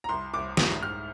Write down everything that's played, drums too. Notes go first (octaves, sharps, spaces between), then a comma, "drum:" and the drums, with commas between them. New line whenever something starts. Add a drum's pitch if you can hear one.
A#5
C2 C6
C2 D6
G#2 D#6, drum: snare
G#2 F6